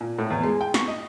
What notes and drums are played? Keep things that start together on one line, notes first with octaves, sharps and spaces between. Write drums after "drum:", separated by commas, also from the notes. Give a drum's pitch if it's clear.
A#2
A2
E2
G#3
G5
C#6, drum: snare
D#5